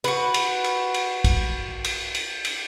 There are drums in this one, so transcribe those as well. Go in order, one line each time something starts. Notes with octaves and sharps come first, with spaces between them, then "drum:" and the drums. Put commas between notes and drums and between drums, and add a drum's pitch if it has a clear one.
F#4 B4, drum: cymbal
drum: cymbal
drum: cymbal
drum: cymbal
drum: kick, cymbal
drum: cymbal
drum: cymbal
drum: cymbal